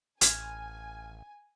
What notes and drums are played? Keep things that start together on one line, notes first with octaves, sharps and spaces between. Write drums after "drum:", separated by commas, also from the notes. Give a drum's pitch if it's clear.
A1 G#5 F6 G#6, drum: hi-hat